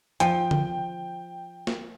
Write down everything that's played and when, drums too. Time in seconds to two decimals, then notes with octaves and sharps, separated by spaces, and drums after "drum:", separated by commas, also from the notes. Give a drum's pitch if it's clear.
0.20 F3 G5, drum: hi-hat
0.51 drum: tom D3
1.67 drum: snare